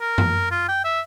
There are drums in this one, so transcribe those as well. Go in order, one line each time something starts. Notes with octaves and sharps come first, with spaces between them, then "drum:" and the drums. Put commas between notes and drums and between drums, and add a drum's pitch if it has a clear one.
A#4
drum: tom F#2
F4
G5
E5